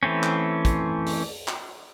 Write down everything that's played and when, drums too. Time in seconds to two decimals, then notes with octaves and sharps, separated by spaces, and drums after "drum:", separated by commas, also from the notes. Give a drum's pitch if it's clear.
0.03 E3 A3 C4 C#4
0.23 drum: clap
0.65 drum: kick, hi-hat
1.06 drum: open hi-hat
1.48 drum: clap